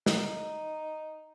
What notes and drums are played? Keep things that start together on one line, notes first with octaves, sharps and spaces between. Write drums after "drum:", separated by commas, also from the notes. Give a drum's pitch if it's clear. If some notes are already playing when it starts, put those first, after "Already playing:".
D#4, drum: snare